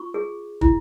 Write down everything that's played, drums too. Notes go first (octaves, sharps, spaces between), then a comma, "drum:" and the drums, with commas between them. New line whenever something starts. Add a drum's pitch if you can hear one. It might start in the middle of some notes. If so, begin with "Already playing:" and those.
Already playing: F4 C#6
G#4
E4, drum: kick